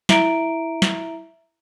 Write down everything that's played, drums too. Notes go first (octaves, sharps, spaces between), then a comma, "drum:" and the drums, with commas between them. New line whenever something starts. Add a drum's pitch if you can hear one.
E4 E5 A#5 D7, drum: snare
drum: snare